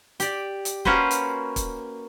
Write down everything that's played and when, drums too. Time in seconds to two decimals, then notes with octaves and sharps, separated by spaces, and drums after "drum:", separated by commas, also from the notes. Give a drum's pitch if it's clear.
0.20 G4 D5, drum: hi-hat
0.65 drum: hi-hat
0.85 A#3 C#4 F#4 B4 C5, drum: kick
1.11 drum: hi-hat
1.56 drum: kick, hi-hat